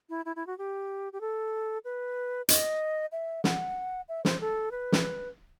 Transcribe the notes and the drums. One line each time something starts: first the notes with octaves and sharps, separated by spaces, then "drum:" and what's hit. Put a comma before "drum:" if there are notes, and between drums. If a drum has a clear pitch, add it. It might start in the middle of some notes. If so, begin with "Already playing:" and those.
E4
E4
E4
F#4
G4
G4
A4
B4
D#5, drum: hi-hat
E5
F#5, drum: snare
E5
C5, drum: snare
A4
B4
drum: snare